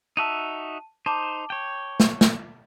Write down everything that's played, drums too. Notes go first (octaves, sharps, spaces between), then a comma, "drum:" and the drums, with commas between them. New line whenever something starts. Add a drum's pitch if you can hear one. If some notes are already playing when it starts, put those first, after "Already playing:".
D#4 F#4 E5 A5 D#7
D#4 C5 A5 D6
C#5 G5
drum: snare
drum: snare